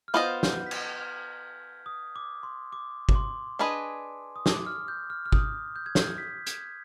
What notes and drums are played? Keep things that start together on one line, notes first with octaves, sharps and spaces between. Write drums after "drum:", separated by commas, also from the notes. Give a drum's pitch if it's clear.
F6
B3 F4 C5 D#5 G6
G6, drum: snare
B6
G#6, drum: cymbal
F6
D#6
D6
C6
D6
D6, drum: kick G1
C6
D4 G#4 B4 D#5
D#6
D6, drum: snare
F6
G6
F6
F6
D#6, drum: kick G1
G6
G#6
G6, drum: snare
B6
G#6, drum: hi-hat